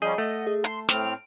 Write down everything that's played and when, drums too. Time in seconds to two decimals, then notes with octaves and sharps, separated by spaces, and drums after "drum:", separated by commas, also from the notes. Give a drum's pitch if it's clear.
0.02 F3 G3 C#4 G#4 D#5 G6
0.18 A3 D#5 F#5
0.47 G#4
0.64 A5 C6, drum: hi-hat
0.89 A2 C4 F6 D7, drum: snare